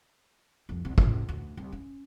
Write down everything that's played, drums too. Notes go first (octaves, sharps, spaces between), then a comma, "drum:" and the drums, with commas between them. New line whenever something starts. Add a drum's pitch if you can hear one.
C2 F2
C2
C#2 A2, drum: kick
D2
C2
C#4